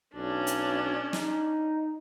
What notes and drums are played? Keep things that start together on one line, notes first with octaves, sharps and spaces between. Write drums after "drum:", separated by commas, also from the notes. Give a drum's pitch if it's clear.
B1 C#4 D4
drum: hi-hat
D#4, drum: snare